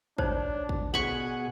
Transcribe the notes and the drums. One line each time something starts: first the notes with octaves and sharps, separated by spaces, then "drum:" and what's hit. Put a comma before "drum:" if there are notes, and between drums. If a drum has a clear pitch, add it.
D4 D#4 C5 C#5, drum: kick
drum: kick
B2 G#4 D5 F#5 B5 C#6